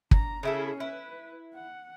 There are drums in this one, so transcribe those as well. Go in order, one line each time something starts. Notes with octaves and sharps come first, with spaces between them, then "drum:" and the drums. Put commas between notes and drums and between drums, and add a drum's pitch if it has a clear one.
D4 A#5, drum: kick
C#3 C#4 E4 G#4 A4
E4 B4
F#5